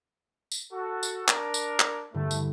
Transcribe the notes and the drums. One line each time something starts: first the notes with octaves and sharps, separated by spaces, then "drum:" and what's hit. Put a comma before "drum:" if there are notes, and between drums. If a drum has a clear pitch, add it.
drum: tambourine
F#4 A4
drum: tambourine
D4 A#4, drum: clap
drum: tambourine
drum: clap
E2 G2 D3 A3
drum: tambourine